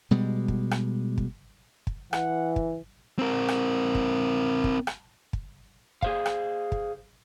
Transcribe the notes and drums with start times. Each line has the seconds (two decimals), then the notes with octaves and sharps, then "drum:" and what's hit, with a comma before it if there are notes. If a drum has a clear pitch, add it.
0.11 B2 G3 G#3
0.48 drum: kick
0.71 drum: rim click
1.18 drum: kick
1.87 drum: kick
2.13 E3 F#5, drum: rim click
2.56 drum: kick
3.19 C4 A#4
3.48 drum: rim click
3.95 drum: kick
4.64 drum: kick
4.87 drum: rim click
5.33 drum: kick
6.02 G#4 C5 F5, drum: kick
6.26 drum: rim click
6.72 drum: kick